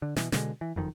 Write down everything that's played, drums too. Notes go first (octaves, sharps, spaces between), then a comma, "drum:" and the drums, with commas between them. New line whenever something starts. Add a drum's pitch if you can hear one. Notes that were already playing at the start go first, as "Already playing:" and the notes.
D3
B2 E3, drum: snare
B2 D3 F#3 G#3, drum: snare
E3
F#1 F2 D#3